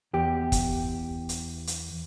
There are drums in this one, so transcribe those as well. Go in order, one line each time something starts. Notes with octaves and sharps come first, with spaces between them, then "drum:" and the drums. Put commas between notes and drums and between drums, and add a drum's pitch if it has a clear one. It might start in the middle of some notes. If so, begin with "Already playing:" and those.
E2 G4
drum: kick, hi-hat
drum: hi-hat
drum: hi-hat